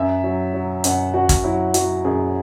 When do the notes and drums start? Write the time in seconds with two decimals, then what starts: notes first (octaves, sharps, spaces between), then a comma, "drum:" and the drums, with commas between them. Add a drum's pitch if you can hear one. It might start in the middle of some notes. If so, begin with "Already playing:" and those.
Already playing: F#2 E5
0.24 F#3
0.54 F#3
0.84 F#2 F#5, drum: hi-hat
1.14 F#2 F#4
1.29 drum: kick, hi-hat
1.44 F#3 E4
1.74 F#3 F#4, drum: hi-hat
2.05 F#2 G#4